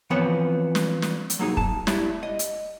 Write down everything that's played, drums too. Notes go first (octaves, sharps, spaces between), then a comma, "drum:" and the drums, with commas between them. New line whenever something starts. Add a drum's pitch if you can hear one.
E3 F3 B3 C4 B4 C#5
drum: snare
drum: snare
drum: hi-hat
F#3 A#3 D#4 G#4
A5, drum: kick
E4 G4 D5 E5, drum: snare
D#5
drum: hi-hat